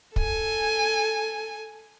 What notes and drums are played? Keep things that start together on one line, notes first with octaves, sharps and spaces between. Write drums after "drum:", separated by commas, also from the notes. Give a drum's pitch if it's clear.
A4 G#5, drum: kick